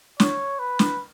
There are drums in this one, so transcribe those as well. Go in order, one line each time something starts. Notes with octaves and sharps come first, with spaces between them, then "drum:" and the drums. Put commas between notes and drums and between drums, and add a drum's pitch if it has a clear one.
C#5, drum: snare
B4
drum: snare